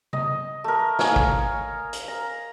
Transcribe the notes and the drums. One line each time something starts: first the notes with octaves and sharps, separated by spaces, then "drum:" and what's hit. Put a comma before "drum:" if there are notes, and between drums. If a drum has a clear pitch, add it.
D#5, drum: tom C#3
A3 A#4
C#5 F5 G#5, drum: snare
drum: kick
drum: hi-hat
A#5